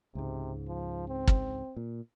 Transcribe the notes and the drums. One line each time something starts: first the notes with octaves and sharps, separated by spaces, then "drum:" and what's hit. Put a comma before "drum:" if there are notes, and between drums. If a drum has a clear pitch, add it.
C#2 G#2 C3
F3
C4
drum: kick
A#2